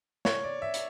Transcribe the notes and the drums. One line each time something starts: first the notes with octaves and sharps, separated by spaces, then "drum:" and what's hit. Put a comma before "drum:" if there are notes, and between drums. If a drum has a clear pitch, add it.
C#5, drum: snare
D5
E5
drum: hi-hat